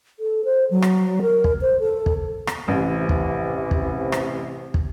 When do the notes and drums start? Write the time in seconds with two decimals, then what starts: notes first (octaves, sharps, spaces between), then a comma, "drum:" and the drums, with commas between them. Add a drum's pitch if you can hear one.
0.20 A4
0.45 C5
0.71 F#3
0.82 drum: rim click
1.22 A#4
1.44 drum: kick
1.61 C5
1.80 A4
2.06 drum: kick
2.47 drum: rim click
2.68 A1 C3 E3
3.09 drum: kick
3.71 drum: kick
4.12 drum: rim click
4.74 drum: kick